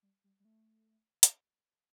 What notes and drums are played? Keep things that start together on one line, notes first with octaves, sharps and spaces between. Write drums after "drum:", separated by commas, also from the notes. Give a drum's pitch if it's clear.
G3
G3
G3
A3
drum: hi-hat